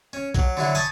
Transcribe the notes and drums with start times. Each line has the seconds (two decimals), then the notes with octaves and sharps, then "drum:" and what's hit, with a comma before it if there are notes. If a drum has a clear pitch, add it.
0.13 C#4
0.35 F#3, drum: kick B1, hi-hat
0.57 D3 F#3 E4
0.75 G#5 A5 B5 C#6 D#6